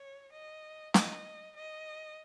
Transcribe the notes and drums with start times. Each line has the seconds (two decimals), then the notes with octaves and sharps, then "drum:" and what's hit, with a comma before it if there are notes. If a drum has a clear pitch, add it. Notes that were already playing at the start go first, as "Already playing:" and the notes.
Already playing: C#5
0.32 D#5
0.94 D#5, drum: snare
1.57 D#5